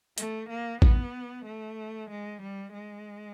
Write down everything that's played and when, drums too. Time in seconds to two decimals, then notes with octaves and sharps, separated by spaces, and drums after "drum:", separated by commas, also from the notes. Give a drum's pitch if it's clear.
0.18 A3, drum: hi-hat
0.50 A#3
0.82 B3, drum: kick A1
1.46 A3
2.10 G#3
2.43 G3
2.74 G#3